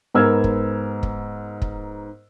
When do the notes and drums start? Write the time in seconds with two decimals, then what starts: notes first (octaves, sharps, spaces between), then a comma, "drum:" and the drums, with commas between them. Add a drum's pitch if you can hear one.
0.14 G#2 B3 A#4 E6 F6 G#6
0.44 drum: kick
1.03 drum: kick
1.62 drum: kick